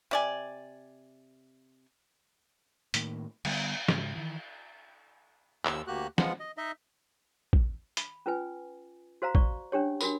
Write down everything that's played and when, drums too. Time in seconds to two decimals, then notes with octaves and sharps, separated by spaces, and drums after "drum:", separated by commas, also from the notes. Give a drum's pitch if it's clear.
0.11 C3 D5 G#5
2.94 A2 D#3 A#3, drum: hi-hat
3.45 D3 G3 B3, drum: cymbal
3.88 G#2 C#3 G#3, drum: snare
4.15 D#3 E3
5.65 D#2 E6, drum: clap
5.87 D2 A#3 F#4 G4 F#6
6.18 F3 G#3 B3 F4 F#5, drum: snare
6.40 D#5
6.57 D#4 D#5 E5
7.53 drum: kick A1
7.97 B5, drum: hi-hat
8.26 C#4 F4 B4 G#5
9.22 F#4 C5 F5 A#5
9.35 D5 C#6, drum: kick A1
9.72 C#4 D4 G4 C#5
10.01 D4 F#4 A#4 B5, drum: tambourine